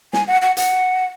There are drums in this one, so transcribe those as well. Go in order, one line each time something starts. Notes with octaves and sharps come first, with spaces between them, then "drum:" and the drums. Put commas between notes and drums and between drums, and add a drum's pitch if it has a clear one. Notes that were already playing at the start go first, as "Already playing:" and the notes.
G#5, drum: snare
F#5
F#5
F#5, drum: hi-hat